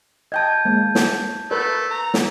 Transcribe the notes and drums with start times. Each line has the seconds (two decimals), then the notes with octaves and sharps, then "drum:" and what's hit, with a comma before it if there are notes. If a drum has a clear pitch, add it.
0.32 D#5 G5 A5 G6 G#6
0.65 G#3 A#3
0.95 drum: snare
1.51 A3 A#4 B4 D5
1.91 A#5
2.14 drum: snare